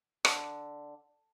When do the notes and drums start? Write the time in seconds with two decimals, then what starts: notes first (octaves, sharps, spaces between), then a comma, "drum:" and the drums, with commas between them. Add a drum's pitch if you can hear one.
0.25 D3, drum: rim click